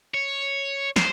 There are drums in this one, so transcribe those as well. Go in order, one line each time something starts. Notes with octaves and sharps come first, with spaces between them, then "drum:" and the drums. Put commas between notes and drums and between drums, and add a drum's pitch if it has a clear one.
C#5
C5, drum: snare